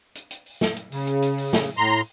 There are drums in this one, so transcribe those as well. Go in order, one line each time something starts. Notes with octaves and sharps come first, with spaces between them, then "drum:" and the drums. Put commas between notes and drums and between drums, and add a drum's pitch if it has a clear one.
drum: hi-hat
drum: hi-hat
drum: open hi-hat
drum: snare
drum: hi-hat
C#3, drum: open hi-hat
drum: hi-hat
drum: hi-hat
drum: open hi-hat
drum: snare
A2 A#5 C6